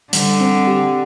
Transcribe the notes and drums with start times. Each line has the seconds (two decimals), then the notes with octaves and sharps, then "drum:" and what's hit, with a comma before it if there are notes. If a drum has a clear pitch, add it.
0.13 D3 G3, drum: hi-hat
0.41 C4
0.67 G4